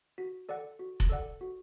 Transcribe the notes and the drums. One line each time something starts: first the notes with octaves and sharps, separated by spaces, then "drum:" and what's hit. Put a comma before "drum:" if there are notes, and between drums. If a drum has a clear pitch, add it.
F#4
A4 D5 F#5
F#4
drum: kick F1
A4 D5 F#5
F#4